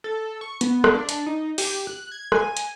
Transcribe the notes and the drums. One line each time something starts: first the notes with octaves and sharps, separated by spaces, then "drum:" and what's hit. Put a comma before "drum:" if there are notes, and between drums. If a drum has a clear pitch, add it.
A4
C#6
B3, drum: hi-hat
drum: rim click
D4
drum: hi-hat
D#4
G4, drum: open hi-hat
F#6
G#6
G#5, drum: rim click
drum: hi-hat